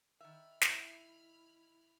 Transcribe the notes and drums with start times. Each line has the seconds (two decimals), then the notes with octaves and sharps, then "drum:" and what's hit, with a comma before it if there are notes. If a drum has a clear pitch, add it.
0.21 D#3 E5 B5 F6
0.61 E4, drum: snare